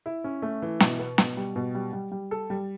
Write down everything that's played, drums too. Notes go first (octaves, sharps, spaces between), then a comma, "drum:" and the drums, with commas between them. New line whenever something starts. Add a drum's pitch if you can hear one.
E4
C#4
A3
E3
B2, drum: snare
B3
B2, drum: snare
G3
B2
G3
G3
G3
A4
G3